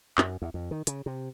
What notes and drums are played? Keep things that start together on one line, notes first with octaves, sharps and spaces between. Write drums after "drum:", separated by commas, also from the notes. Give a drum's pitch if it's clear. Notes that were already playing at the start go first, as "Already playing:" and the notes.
F#2, drum: clap
E2
F2
D#3
C#3, drum: hi-hat
C3